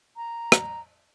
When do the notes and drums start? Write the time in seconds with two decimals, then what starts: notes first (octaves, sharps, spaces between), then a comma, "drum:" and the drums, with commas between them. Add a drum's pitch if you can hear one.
0.16 A#5
0.52 drum: rim click